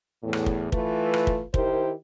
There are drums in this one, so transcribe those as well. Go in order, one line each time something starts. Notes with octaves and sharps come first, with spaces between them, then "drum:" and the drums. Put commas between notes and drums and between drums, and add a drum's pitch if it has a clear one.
E2 A2
drum: rim click
drum: kick
E3 A3 F4 B4, drum: kick
drum: rim click
drum: kick
D#3 E4 G4 A#4 C5, drum: kick